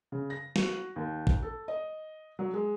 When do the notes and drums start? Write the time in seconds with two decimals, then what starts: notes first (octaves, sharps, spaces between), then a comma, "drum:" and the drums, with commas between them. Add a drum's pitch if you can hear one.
0.12 C#3
0.30 A#6
0.56 F#4, drum: snare
0.96 D#2
1.27 drum: kick
1.42 A4
1.68 D#5
2.39 F#3
2.54 G#3